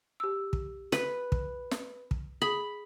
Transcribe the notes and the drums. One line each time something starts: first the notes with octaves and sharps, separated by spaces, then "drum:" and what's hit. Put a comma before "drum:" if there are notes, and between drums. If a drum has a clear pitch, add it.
G4 E6
drum: kick
B4, drum: snare
drum: kick
drum: snare
drum: kick
G#4 B5 D#6